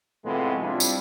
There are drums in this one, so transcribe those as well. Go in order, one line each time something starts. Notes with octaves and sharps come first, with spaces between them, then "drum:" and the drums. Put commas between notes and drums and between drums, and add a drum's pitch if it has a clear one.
A2 C3 F3 G#3 A3 B3
G3 C4 D4 E4 F4
drum: tambourine